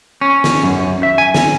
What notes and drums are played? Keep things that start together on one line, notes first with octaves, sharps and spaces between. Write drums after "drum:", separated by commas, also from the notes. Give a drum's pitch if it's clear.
C#4
drum: snare
F#2
E5
G#5
drum: snare